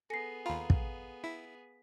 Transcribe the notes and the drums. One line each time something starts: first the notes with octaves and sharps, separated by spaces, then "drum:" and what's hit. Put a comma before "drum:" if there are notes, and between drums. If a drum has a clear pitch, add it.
B3 G#4 A4 G#5 A#6 C7 C#7
D#2 F4 F5 A#5 B5
drum: kick
E4 B6